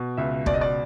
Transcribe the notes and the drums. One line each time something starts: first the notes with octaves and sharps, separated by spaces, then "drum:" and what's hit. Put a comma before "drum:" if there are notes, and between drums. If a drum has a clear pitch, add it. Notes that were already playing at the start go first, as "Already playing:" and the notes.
Already playing: B2
C#2 E5
B2 D5, drum: kick
D#5
D5